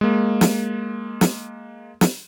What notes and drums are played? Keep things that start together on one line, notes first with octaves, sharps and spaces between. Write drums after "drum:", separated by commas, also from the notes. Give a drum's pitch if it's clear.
G#3 A#3
drum: snare
drum: snare
drum: snare